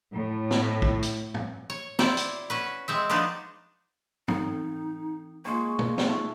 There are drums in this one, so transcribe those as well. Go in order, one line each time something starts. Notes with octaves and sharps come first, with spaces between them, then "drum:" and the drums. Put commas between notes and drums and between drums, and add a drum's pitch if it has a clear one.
A2
drum: snare
drum: kick
drum: hi-hat
drum: tom
C#5
E4 C5 D5, drum: snare
drum: hi-hat
C#4 F#4 B4
G#3 C4 E5
F3 B3 D4 D#4 F#4
E3 C4 D#4, drum: tom
G#3 A#3 C#6
A3, drum: tom
drum: snare
A3 D#4